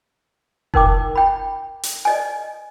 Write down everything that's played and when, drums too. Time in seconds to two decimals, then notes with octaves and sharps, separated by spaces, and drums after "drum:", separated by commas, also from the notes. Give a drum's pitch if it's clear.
0.74 D#4 A#4 G5 D6, drum: kick F1
1.15 G5 B5
1.83 drum: hi-hat
2.05 D5 D#5 G#5